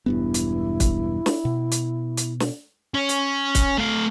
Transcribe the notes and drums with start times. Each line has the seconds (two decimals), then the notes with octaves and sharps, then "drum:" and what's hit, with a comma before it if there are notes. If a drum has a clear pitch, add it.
0.06 E1 G2 B3 E4
0.34 drum: hi-hat
0.80 drum: kick, hi-hat
1.26 drum: snare
1.45 B2
1.72 drum: hi-hat
2.17 drum: hi-hat
2.40 drum: snare
2.94 C#4
3.09 drum: hi-hat
3.55 drum: kick, hi-hat
3.78 A3 F5